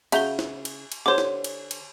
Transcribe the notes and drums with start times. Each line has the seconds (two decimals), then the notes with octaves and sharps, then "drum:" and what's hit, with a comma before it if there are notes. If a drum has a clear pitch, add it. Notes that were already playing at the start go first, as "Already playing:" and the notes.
0.12 C#3 F#4 E5 A#5 G6 G7, drum: cymbal
0.39 drum: snare
0.65 drum: cymbal
0.92 drum: cymbal
1.06 D3 G4 C5 C#5 D6
1.18 drum: snare
1.44 drum: cymbal
1.71 drum: cymbal